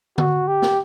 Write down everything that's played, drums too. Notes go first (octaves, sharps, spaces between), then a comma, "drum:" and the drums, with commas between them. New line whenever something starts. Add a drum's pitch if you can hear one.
F#4, drum: tom D3
G4
drum: snare